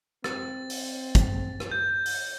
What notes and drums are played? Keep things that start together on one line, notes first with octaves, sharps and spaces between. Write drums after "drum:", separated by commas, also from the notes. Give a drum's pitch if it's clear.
C4 A6, drum: rim click
drum: open hi-hat
drum: kick, hi-hat
drum: rim click
G6
drum: open hi-hat